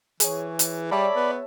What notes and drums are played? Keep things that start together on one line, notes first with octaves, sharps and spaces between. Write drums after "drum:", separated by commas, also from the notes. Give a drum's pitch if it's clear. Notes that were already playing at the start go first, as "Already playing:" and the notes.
E3 G#4 C#5, drum: hi-hat
drum: hi-hat
G3 C#5 D5 E5 A5 B5
B3